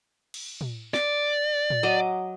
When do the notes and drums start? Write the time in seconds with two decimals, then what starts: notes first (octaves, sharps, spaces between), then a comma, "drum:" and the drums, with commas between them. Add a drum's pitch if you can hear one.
0.34 drum: cymbal
0.61 drum: tom
0.94 D5, drum: snare
1.70 drum: tom A2
1.83 F#3 D#5 D6